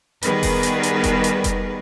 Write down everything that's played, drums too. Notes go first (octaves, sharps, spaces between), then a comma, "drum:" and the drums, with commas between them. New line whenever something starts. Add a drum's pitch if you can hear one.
D#3 G3 B3 G#4 A#4 B4, drum: hi-hat
drum: kick F1, open hi-hat
drum: hi-hat
drum: hi-hat
drum: kick F1, hi-hat
drum: hi-hat
drum: kick F1, hi-hat